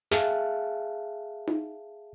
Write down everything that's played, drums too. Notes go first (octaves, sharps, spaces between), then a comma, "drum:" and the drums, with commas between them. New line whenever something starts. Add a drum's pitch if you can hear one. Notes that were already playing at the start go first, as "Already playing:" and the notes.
G#4 E5 F5 A5 F#6, drum: snare
drum: tom D#4